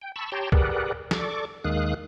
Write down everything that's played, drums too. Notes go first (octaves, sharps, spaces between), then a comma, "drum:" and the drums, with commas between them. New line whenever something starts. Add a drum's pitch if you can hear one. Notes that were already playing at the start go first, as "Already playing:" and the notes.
G5
A5 B5 C#6 E6
G4 C#5 G5 A5 A#5 C6
G4 G#4 A#4 B4 D5 F#5, drum: kick
A4 D5 C#6 D6, drum: snare
D#2 D#3 G#3 F5 D#6 F#6